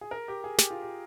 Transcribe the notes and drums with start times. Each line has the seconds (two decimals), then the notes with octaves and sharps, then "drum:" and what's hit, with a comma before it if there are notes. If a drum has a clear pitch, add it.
0.01 G#4
0.11 A#4
0.28 G4
0.44 G#4
0.58 G4, drum: snare
0.70 F4
0.82 G4